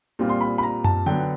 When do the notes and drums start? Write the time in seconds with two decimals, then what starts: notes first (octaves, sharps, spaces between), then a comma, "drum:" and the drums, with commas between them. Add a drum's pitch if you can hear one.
0.19 A#2 G3 C4 F4
0.29 C6
0.41 B5
0.58 B5
0.63 A#5
0.84 A5, drum: tom F#2
1.06 D3 F#3 B3 G5